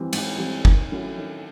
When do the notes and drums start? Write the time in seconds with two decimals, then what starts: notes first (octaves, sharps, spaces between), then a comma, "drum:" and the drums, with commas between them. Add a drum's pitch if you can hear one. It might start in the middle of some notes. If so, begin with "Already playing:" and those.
Already playing: E3 G3 C4
0.13 G#2, drum: cymbal
0.38 E3 G3 C4
0.65 D#3, drum: kick
0.91 F#3 A3 C#4 E4
1.18 D#3